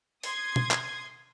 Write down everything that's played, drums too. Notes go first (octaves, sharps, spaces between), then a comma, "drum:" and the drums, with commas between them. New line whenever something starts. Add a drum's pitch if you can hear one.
C6 D#6 G#6, drum: open hi-hat
drum: tom
drum: clap